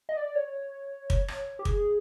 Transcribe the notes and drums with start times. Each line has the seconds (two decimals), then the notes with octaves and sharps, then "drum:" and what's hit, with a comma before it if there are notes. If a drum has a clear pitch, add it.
0.09 D#5
0.17 D5
0.35 C#5
1.10 drum: kick
1.28 drum: rim click
1.59 G4
1.65 G#4, drum: kick